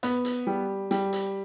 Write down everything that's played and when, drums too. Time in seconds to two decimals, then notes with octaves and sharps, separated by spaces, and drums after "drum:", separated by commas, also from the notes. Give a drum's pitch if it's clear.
0.03 B3, drum: hi-hat
0.25 drum: hi-hat
0.47 G3
0.91 G3, drum: hi-hat
1.13 drum: hi-hat